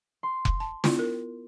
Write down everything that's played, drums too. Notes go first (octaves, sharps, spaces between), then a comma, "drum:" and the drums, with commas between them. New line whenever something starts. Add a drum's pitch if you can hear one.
C6
drum: kick F1
A5
B3 E4 F4, drum: snare
A#4